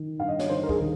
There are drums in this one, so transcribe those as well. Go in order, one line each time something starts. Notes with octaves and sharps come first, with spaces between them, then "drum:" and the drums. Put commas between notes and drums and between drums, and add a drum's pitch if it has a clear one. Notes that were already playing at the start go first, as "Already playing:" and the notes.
Already playing: D#3
G2 F5
D#5
C#5, drum: snare
D#3 C5
A#4
G#4, drum: kick
D#3